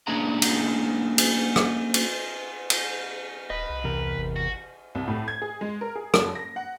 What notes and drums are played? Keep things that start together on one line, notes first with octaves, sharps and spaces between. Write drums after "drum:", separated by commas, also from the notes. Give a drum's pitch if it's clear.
A#3 C#4 D4 G#4 F#5 A#5
drum: cymbal
drum: cymbal
drum: rim click
drum: cymbal
drum: cymbal
D#1 B4 D#5
C2
E2 C3 A#4
G#1
F#4
C2
A2
G#6
G#4
G#3
A#4
G#4
F#1, drum: rim click
A#6
F#5